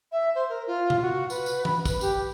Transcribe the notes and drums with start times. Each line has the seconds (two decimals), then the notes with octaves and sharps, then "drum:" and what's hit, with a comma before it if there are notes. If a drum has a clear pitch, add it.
0.12 E5
0.35 C5
0.49 A#4
0.67 F4
0.90 drum: tom C3
1.02 F#4
1.30 B4, drum: tambourine
1.46 drum: tambourine
1.65 B5, drum: tom E3
1.85 B4, drum: kick, tambourine
2.01 G4, drum: tambourine